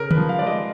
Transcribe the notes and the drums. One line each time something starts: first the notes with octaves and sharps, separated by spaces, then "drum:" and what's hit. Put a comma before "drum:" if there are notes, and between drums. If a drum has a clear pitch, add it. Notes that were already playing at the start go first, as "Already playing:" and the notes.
Already playing: C#3 A#4
B4, drum: tom D3
F3
F5
G#3 D5
D#5